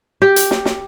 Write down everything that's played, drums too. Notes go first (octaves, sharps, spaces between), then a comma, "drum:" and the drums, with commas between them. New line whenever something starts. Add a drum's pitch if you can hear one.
G4
drum: hi-hat
drum: snare
drum: snare